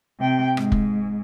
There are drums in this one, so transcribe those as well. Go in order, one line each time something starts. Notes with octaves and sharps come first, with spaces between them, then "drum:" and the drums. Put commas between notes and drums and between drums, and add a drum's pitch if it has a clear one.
C3 G5
G#2, drum: rim click
drum: kick